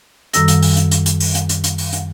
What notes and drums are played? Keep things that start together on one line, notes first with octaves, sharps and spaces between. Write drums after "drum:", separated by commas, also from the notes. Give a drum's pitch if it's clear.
F#2 D#3 G3 A4 E6 A#6, drum: hi-hat
drum: hi-hat
drum: open hi-hat
drum: hi-hat
drum: hi-hat
drum: hi-hat
drum: open hi-hat
drum: hi-hat
drum: hi-hat
drum: hi-hat
drum: open hi-hat
drum: hi-hat